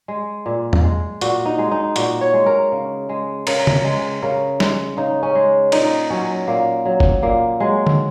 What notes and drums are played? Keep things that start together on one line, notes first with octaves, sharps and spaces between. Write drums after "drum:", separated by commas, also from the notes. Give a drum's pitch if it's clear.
G#3
A#2
drum: tom E2
G#3
A#2 F#4, drum: hi-hat
D#4
G#3
D#4
A#2 F#4, drum: hi-hat
C#5
G#3
A#4
C#3
G#3
C#3 A#4, drum: cymbal
drum: tom C#3
G#3
C#3 A#4
G#3, drum: snare G3
C#3 D#4
C#4
G#3
A#2 D#4, drum: cymbal
F#3 C#4
A#2 A#3
F#3
drum: kick G1
A#2 A#3
F#3 G#3
drum: tom D3